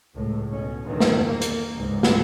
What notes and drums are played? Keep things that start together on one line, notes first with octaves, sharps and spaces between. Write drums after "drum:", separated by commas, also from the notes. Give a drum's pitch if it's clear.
C#2 A2
B2 C#4
E2 G2 A#2 D#3
drum: snare
A#3
drum: hi-hat
C#2 G#2
drum: snare